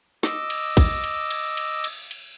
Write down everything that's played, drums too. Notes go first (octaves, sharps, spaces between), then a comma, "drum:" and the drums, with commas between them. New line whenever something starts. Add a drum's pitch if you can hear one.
D#5 D6 E6, drum: snare
drum: cymbal
drum: kick, cymbal
drum: cymbal
drum: cymbal
drum: cymbal
drum: cymbal
drum: cymbal